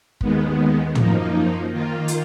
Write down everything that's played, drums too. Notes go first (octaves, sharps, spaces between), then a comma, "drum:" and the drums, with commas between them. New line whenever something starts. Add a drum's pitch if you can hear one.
D#2 D#3 G#3 B3, drum: kick
F#2 F3 A#3 D#4, drum: tom
D#3 A#3 F4
drum: hi-hat